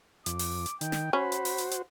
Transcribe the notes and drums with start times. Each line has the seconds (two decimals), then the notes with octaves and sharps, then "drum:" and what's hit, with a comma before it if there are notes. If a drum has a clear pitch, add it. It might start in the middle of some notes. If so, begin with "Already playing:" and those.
0.26 F2 D6, drum: hi-hat
0.39 drum: open hi-hat
0.66 drum: hi-hat
0.81 D#3 G5, drum: hi-hat
0.92 drum: snare
1.13 C#4 F#4 C5 B5
1.32 drum: hi-hat
1.45 drum: open hi-hat
1.58 drum: hi-hat
1.71 drum: hi-hat